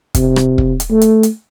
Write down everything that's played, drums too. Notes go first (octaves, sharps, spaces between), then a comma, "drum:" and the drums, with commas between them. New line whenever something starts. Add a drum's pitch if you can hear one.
C3, drum: kick, hi-hat
drum: rim click
drum: kick
drum: hi-hat
A3
drum: hi-hat
drum: hi-hat